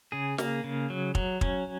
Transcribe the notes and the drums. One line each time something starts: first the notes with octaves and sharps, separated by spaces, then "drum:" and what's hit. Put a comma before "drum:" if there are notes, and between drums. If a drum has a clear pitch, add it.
C#3 G#4
A#3, drum: snare
C#3
F#3
F#3, drum: kick
C#4, drum: kick